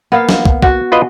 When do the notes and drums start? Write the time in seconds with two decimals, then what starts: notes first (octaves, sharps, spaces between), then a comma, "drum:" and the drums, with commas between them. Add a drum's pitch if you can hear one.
0.12 A#3 B3 F5
0.29 drum: snare
0.45 drum: kick
0.62 F#4, drum: kick
0.92 F4 B4 D#5